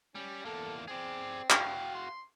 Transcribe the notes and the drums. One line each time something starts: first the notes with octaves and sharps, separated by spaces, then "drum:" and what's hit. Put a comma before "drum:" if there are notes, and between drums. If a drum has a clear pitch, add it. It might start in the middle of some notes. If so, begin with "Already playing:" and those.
G3 C#4
E2 A#3 A4
C4 G#4 D5
F#4 F5 G5, drum: clap
C6